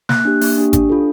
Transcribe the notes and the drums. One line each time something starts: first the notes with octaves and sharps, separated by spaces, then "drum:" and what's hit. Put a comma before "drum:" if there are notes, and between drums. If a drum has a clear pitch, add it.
A#3 F#6, drum: snare
D4 G4
A#3, drum: open hi-hat
D4 G4
D4, drum: kick G#1, hi-hat
F4 A4